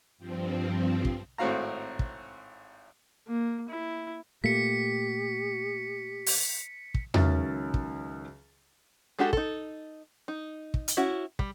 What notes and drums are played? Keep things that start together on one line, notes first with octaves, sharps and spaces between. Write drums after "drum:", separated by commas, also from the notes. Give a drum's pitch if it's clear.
G2 F3 C4
drum: kick
G#1 A2 C4 F#4 F5 A#5
drum: kick
A#3
E4
A#2 A3 A#3 G4 B6 C#7
drum: open hi-hat
drum: kick
C#2 D#3 F#3 C#4 E5 A6, drum: tom E2
drum: kick
G#3 D4 F#4 G4 A4
D#4 A4, drum: kick
D#4
drum: kick
drum: hi-hat
C#4 E4 F#4
G3, drum: kick